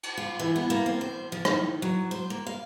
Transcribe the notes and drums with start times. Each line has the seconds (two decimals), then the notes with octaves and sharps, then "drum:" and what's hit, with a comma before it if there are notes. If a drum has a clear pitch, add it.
0.03 drum: cymbal
0.17 F4
0.39 E3
0.56 B3
0.70 A#3
0.86 C4
1.01 C5
1.32 F3
1.45 D#3, drum: rim click
1.82 F#3
2.11 C5
2.30 A#3
2.47 F5